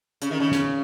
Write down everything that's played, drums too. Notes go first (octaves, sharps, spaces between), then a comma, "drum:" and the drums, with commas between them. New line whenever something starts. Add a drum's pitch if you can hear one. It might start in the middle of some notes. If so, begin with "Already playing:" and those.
C#3, drum: hi-hat
D#3
C#3
drum: snare